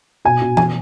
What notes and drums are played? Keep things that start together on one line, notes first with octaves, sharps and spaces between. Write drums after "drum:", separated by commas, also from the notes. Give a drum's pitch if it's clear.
B2 G#5
B2
G#5, drum: tom E3